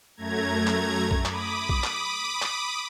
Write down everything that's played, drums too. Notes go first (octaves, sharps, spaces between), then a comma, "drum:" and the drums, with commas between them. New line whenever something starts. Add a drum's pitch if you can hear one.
F#2 A3 A#5 G#6
drum: clap
drum: kick A#1
B5 D6 D#6, drum: clap
drum: kick A#1
drum: clap
drum: clap